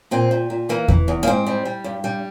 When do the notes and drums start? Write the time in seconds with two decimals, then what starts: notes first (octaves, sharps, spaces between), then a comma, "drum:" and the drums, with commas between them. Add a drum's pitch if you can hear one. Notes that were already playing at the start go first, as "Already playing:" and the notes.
0.11 A#2 C4
0.31 A#2
0.50 A#2
0.69 E3 A#3
0.88 E3, drum: kick E2
1.08 E2
1.23 A#3
1.27 G#2 C4
1.46 G3
1.65 G3
1.84 G2
2.04 G3